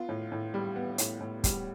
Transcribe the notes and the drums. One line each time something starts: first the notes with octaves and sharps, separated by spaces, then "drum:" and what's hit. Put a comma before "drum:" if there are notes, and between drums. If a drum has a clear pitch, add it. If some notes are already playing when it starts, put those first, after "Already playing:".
Already playing: B3 F4
A2
A2
G3
B3
A2, drum: hi-hat
A2
G3, drum: kick, hi-hat